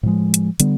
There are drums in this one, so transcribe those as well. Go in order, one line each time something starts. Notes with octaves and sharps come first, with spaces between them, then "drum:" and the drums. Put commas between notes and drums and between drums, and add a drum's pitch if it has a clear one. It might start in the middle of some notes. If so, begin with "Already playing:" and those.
A2 F3 G#3
drum: hi-hat
D3 G3 B3, drum: hi-hat